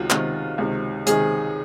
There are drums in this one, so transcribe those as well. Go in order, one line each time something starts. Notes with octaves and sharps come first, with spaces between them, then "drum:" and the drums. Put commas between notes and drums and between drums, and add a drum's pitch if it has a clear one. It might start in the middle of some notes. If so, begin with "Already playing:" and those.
Already playing: C#2 C3 D#3 F4 F#4
C#2 C3 D#3, drum: clap
C#2 C3 D#3
C#2 C3 D#3 G#4, drum: hi-hat